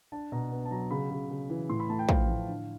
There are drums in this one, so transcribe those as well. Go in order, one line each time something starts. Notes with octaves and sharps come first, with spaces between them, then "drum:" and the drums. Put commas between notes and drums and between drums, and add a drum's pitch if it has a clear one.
D4 A5
B2 A#5
B3
A5
F#3 A#5
C#3 B5
C#3
C#3
E3
A2 C6
B5
A3 A5
G5
F3 F5, drum: kick
A2
D3